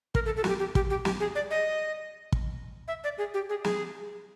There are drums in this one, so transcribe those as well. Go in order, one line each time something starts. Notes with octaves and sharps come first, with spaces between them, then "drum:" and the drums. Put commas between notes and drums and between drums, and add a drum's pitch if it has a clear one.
A#4, drum: kick
A4
A4
F#4, drum: snare
G4
G4
G4, drum: kick
G4
G4, drum: snare
G#4
D5
D#5
drum: kick
E5
D5
G#4
G4
G#4
G#4, drum: snare